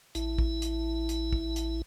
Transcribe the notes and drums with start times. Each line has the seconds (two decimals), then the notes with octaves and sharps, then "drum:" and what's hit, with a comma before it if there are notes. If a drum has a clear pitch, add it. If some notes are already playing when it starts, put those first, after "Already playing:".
0.15 A1 E4, drum: hi-hat
0.39 drum: kick
0.62 drum: hi-hat
1.09 drum: hi-hat
1.33 drum: kick
1.56 drum: hi-hat